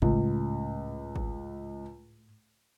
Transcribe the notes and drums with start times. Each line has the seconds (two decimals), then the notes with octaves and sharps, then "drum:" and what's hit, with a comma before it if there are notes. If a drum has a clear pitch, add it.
0.02 C#2 A2, drum: kick G#1
1.16 drum: kick G#1